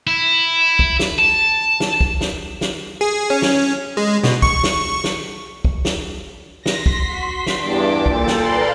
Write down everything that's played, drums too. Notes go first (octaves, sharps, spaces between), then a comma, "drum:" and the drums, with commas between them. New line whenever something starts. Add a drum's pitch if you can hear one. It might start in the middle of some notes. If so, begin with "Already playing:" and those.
E4
drum: kick
drum: snare
A5
drum: snare
drum: kick
drum: snare
drum: snare
G#4
C#4
drum: snare
G#3
B2, drum: snare
C#6, drum: kick
drum: snare
drum: snare
drum: kick
drum: snare
C6 A#6 B6, drum: snare
drum: kick
F#4
drum: snare
E2 G2 D5 A5 D6
A#2 A4 G5 A6, drum: kick
drum: snare
A4 B4 D5 F5 A#5 C6